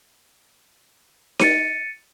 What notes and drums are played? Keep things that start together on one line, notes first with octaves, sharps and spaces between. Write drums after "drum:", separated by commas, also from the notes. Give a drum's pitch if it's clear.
A6 C#7 D#7, drum: snare D#4